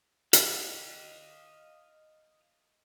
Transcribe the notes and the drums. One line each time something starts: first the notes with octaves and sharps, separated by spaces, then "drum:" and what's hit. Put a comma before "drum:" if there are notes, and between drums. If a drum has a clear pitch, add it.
D#5 F5, drum: hi-hat